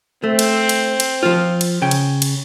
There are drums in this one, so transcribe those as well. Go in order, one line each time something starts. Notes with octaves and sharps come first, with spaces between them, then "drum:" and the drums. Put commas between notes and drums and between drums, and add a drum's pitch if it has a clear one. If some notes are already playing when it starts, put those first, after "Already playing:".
A3 C4
drum: cymbal
drum: cymbal
drum: cymbal
F3 F4
drum: cymbal
C#3 G5
drum: cymbal
drum: cymbal